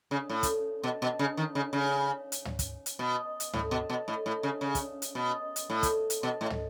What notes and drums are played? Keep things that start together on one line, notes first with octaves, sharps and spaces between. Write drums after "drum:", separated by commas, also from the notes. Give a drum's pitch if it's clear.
C#3
A2
drum: kick, hi-hat
B2
B2
C#3
D#3
C#3
C#3
drum: hi-hat
drum: tom
drum: kick, hi-hat
drum: hi-hat
B2
drum: hi-hat
A2, drum: tom
B2
B2
A2
A2
C#3
C#3
drum: kick, hi-hat
drum: hi-hat
B2
drum: hi-hat
A2
drum: kick, hi-hat
drum: hi-hat
B2
A2
drum: tom